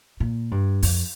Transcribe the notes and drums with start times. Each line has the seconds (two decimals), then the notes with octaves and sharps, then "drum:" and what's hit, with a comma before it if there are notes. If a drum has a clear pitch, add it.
0.20 A#2
0.51 G2
0.83 F2, drum: open hi-hat